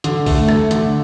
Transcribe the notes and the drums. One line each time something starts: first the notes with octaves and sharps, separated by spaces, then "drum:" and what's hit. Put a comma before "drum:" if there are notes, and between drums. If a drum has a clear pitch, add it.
D3, drum: hi-hat
A3, drum: kick B1, open hi-hat
A3, drum: rim click
D3, drum: hi-hat